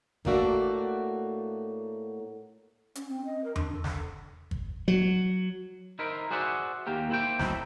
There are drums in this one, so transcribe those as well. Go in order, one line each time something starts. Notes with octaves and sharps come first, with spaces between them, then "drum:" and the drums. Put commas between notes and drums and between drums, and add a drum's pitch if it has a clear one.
A2 A3 A#3 D4 F#4 E5, drum: kick G1
C#4, drum: hi-hat
C4
D#5
A#4
D4, drum: tom E2
A4
drum: snare
drum: kick G1
F#3
D#4 E4 A#4 C5
F#4 G#4 C5 D5 E5 F#5
D#2 A#3 G4 A#4
A#3 E4 C5 G5
A2 F#3 A3 C4 D#4 E4, drum: snare